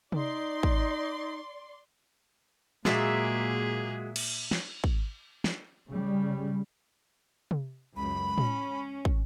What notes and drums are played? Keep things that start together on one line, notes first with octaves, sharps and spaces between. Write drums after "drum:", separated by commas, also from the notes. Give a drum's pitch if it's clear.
D#4 D5 C6, drum: tom C3
drum: kick
A#2 F#3 G#3 A#3 G#4 D5 E5 A#5, drum: snare
drum: cymbal
drum: snare
drum: kick
drum: snare
C#3 G3
drum: tom C3
C#2 F#2 B5
C#4, drum: tom A2
drum: kick